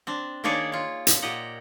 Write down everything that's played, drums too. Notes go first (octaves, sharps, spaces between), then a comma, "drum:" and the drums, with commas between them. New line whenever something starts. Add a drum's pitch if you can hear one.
C4 D4
D#3 A#3 D4 G#4 C#5 D5
F4 C#5
drum: hi-hat
A#2 G4 D#5 F#5 A#5